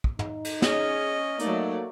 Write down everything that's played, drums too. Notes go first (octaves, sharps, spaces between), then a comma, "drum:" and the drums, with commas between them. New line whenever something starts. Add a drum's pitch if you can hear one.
drum: kick
D#4, drum: tom
drum: cymbal
C#4 G#4 D#5, drum: snare
F#3 A3 A#3 D#4 D5, drum: hi-hat